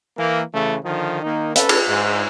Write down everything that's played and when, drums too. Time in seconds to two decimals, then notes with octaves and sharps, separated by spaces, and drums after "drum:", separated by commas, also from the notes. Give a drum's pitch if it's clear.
0.18 E3 A#3
0.53 C#3 E3 A3
0.84 D3 D#3 F3
1.23 D#3 A#3 D#4
1.56 C#4 A4 B4, drum: hi-hat
1.69 drum: cymbal
1.88 G#2